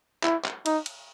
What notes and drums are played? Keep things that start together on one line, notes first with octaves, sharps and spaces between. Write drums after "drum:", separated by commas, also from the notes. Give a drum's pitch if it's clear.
E4, drum: clap
drum: clap
D#4, drum: cymbal
drum: cymbal